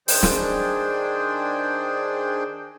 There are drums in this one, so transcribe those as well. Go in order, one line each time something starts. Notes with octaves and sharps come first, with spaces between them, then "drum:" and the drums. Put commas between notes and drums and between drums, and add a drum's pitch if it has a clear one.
D#3 D4 G#4 C5 G5, drum: open hi-hat
drum: snare